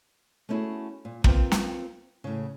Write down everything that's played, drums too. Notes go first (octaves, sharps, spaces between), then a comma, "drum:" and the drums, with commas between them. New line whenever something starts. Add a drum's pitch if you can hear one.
A3 C#4 D#4 E4 F#4 G#4
A#2
A#3 C4 F4 B4 C5 G5, drum: kick
drum: snare
A2 C#3